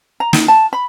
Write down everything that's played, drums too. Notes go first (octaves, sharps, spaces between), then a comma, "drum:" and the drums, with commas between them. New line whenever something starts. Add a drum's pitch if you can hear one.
A#5
D#4, drum: snare
A5
B5